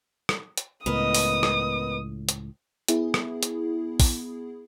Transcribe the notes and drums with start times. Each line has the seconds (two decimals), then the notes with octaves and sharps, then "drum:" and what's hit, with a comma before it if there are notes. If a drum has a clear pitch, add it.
0.29 drum: rim click
0.58 drum: hi-hat
0.86 C#2 A2 B3 A#4 D#5 D#6
1.15 drum: open hi-hat
1.43 drum: rim click
2.29 drum: hi-hat
2.88 B3 E4 G#4, drum: hi-hat
3.14 drum: rim click
3.43 drum: hi-hat
4.00 drum: kick A#1, open hi-hat